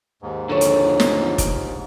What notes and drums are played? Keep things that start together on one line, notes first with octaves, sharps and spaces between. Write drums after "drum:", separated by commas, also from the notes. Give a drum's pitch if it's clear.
D#2 G#2
D3 F3 A4 C#5
drum: hi-hat
drum: snare
drum: kick, hi-hat